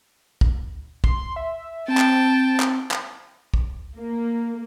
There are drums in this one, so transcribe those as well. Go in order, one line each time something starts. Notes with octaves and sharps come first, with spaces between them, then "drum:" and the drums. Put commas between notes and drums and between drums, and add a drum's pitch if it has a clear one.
drum: kick
C6, drum: kick
E5
C4 G5 A5
drum: clap
drum: clap
drum: clap
drum: kick
A#3